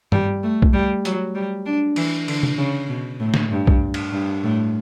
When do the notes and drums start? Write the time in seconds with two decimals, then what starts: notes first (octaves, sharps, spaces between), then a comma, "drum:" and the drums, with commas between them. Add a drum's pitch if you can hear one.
0.12 G3, drum: tom
0.43 A3
0.62 drum: kick
0.73 G3
1.05 F#3, drum: hi-hat
1.35 G3
1.66 D4
1.96 E3, drum: cymbal
2.28 D3, drum: cymbal
2.43 drum: tom C3
2.58 C#3
2.89 B2
3.20 A2
3.34 drum: snare
3.50 G2
3.67 drum: kick
3.94 drum: cymbal
4.13 G2
4.44 A2